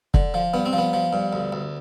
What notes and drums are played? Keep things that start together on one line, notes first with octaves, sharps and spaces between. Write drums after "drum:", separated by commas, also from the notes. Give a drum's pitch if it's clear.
D3, drum: kick
F3
G2 B3
C4
F3
B3
F3
G2
D2
D2